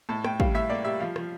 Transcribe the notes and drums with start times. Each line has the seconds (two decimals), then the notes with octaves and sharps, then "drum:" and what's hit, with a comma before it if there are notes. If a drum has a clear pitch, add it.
0.09 A2 A5
0.24 A2 G5, drum: rim click
0.40 G3 F5, drum: kick
0.55 A2 E5
0.70 A#3 D5
0.85 G3 E5
1.00 F3 F5
1.16 F3, drum: rim click